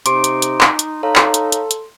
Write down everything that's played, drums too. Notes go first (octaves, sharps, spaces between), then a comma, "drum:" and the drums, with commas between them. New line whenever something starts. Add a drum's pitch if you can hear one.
C3 D#4 C6 D6 D7, drum: hi-hat
drum: hi-hat
drum: hi-hat
drum: clap
drum: hi-hat
D#4 A4 C#5 F5 A#5
drum: clap
drum: hi-hat
drum: hi-hat
drum: hi-hat